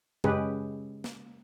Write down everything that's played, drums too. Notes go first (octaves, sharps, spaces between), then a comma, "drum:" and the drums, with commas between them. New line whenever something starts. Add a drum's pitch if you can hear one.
C#3 G#3 C#4 G4 G#4 B4, drum: tom F#2
drum: snare